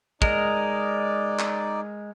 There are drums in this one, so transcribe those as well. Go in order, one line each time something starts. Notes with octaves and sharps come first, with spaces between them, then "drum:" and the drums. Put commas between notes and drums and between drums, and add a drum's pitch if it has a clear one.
G#3 D#4 A#4 D5, drum: kick
drum: clap